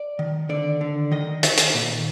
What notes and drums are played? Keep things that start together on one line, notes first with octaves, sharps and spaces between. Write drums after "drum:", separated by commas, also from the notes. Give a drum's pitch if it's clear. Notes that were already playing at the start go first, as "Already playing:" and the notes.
Already playing: D5
D#3
D3 D5
D3
D#3 D#5
D#3, drum: hi-hat
drum: hi-hat
A#2